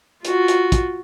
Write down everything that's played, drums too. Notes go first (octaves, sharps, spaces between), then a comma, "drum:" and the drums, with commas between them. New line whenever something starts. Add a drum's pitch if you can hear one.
F4 F#4, drum: hi-hat
drum: hi-hat
drum: kick, hi-hat